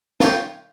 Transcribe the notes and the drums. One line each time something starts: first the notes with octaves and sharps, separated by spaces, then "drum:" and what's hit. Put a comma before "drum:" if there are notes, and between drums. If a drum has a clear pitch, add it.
F4 C#5 G5, drum: snare